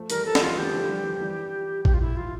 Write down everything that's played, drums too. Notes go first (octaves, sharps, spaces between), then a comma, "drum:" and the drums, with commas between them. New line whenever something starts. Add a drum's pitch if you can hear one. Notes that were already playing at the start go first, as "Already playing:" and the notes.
Already playing: F3 A3
E3 G3 A#4, drum: hi-hat
F3 A3 A4
A3, drum: snare
E3 G3 F4
E3 G3 G4
D3 F3
E3 G3
E3 G3
E3 G3
G4, drum: kick A1
F4
E4
F4